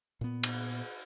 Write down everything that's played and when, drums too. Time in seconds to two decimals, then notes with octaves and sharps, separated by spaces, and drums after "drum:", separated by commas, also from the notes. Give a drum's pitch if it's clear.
0.21 A#2 B3
0.43 drum: cymbal